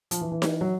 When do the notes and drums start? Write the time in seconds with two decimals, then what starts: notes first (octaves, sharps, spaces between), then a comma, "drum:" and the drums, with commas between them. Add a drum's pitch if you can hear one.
0.11 F3, drum: hi-hat
0.21 E3
0.32 E3
0.42 drum: snare D#4
0.61 F#3